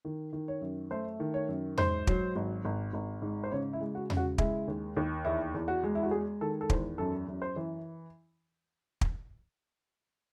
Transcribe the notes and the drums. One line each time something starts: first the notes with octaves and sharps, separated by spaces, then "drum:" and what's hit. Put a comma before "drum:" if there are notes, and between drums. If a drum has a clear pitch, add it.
D#3
D#3
C#5
F#2
A3 C5
D#3
C#5
F#2
G#2 C5, drum: tom E2
F#3, drum: kick
G#1
G#1
G#1
G#2
C5
C#3 C#5
E4
G#3
F#4
C#3, drum: tom E2
F#4
G#3 E4, drum: kick
D#2
D#2
E2 E4
E2
F#4
G#3
E4
F#4
G#3 G#4
D#3 A4
A4
E2 C5, drum: kick
F#2 A4
F#2
C5
E3
drum: kick